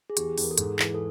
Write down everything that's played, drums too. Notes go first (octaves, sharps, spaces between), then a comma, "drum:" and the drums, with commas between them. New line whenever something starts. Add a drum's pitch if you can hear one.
G#4
E2 G4, drum: hi-hat
E2, drum: open hi-hat
A#4
A4
G#2 G#4, drum: hi-hat
E3, drum: clap
A4